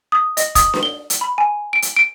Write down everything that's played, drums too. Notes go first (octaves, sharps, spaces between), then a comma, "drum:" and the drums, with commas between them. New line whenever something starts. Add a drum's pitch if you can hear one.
D#6
D#5, drum: hi-hat
D#6, drum: kick, hi-hat
drum: snare D4
G7
drum: hi-hat
B5
G#5
D7
drum: hi-hat
D7